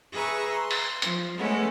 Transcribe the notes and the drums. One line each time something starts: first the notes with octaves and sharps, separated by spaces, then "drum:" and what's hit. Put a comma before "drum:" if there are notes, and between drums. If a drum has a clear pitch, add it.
G#4 B4 E5 A#5 C#6
C6
drum: open hi-hat
F3, drum: hi-hat
G#3 A3 B3 C#4